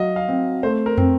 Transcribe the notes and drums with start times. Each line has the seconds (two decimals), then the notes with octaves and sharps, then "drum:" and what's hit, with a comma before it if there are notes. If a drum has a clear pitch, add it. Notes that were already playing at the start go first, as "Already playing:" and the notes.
Already playing: F#3 D#5 F5
0.16 F5
0.28 C4
0.63 A3 C5
0.86 A#4
0.98 C4, drum: tom